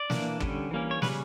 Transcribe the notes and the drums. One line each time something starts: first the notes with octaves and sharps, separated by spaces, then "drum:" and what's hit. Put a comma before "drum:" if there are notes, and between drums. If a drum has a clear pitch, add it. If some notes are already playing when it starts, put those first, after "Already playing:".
Already playing: D5
E3 A#3 D4, drum: snare
D3 G3 C#4, drum: kick
E3 G3 A#3 C#4
C#5
C#3 G3 C#4 B4, drum: snare